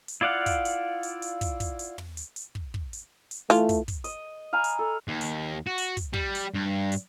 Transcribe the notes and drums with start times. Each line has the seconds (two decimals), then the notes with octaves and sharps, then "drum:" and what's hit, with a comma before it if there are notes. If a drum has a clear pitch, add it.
0.08 drum: hi-hat
0.21 E4 F4 D5 F5 F#5
0.46 drum: kick, hi-hat
0.65 drum: hi-hat
1.03 drum: hi-hat
1.22 drum: hi-hat
1.41 drum: kick, hi-hat
1.60 drum: kick, hi-hat
1.79 drum: hi-hat
1.98 drum: tom
2.17 drum: hi-hat
2.36 drum: hi-hat
2.55 drum: kick
2.74 drum: kick
2.93 drum: hi-hat
3.31 drum: hi-hat
3.50 E3 A3 F4, drum: hi-hat
3.69 drum: kick, hi-hat
3.88 drum: kick, hi-hat
4.04 D#5, drum: hi-hat
4.53 F5 G#5 A#5 B5
4.64 drum: hi-hat
4.79 A4
5.08 D#2
5.21 drum: hi-hat
5.67 F#4
5.78 drum: hi-hat
5.97 drum: kick, hi-hat
6.13 G3, drum: kick
6.35 drum: hi-hat
6.54 G2
6.92 drum: hi-hat